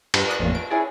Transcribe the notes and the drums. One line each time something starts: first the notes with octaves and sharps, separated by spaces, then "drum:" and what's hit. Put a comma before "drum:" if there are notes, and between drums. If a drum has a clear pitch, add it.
G2, drum: cymbal
D5 F#5 D#6 F#6
A1 F2 A#2
D7
C#4 E4 G#4 D5